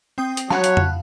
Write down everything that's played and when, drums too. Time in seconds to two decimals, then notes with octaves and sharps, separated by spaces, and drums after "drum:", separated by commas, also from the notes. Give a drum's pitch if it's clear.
0.18 C4 G5 D#6
0.37 drum: hi-hat
0.50 F#3 C#5 F5 F#5 A5 B5 F#6, drum: snare
0.64 drum: hi-hat
0.77 drum: tom F2